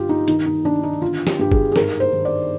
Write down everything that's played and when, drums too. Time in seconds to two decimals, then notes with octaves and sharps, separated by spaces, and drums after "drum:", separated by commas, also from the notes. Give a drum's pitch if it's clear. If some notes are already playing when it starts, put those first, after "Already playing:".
Already playing: G2 D3 F4 G4
0.09 D#4
0.28 D#3 D#4, drum: hi-hat
0.46 D#4
0.65 D#3 D4
0.83 D#4
1.01 D3 F4
1.27 G4, drum: snare
1.39 G2 G4
1.52 G#4, drum: kick F#1
1.72 G#4
1.76 G#2 A#4, drum: snare
2.00 C5
2.13 D#3
2.25 D5